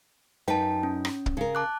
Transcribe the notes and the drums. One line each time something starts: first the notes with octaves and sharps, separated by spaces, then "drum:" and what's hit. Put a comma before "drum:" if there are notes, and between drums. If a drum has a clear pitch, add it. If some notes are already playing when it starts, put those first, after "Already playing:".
F#2 D#4 B4 G5 A5
C#4
drum: rim click
drum: kick
C#3 A#4
A5 D6 F#6